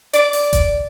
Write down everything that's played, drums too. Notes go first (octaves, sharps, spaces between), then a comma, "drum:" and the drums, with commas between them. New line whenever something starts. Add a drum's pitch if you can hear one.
D5, drum: hi-hat
drum: open hi-hat
drum: kick F#1, hi-hat